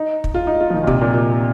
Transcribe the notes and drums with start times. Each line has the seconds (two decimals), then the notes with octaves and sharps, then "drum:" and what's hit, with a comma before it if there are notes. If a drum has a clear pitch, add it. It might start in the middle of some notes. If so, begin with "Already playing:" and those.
Already playing: D#4
0.24 drum: kick
0.34 F4
0.47 D#4
0.60 F4
0.70 F3
0.74 D#3
0.83 A#2
0.87 C3, drum: kick
1.01 A#2
1.14 A#2